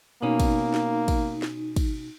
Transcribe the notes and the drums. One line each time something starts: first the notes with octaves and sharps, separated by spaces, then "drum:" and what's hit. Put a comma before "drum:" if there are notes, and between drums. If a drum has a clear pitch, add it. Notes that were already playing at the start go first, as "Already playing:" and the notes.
B2 A#3 C#4 D#4
drum: kick, cymbal
drum: snare
drum: kick, cymbal
drum: snare
drum: kick, cymbal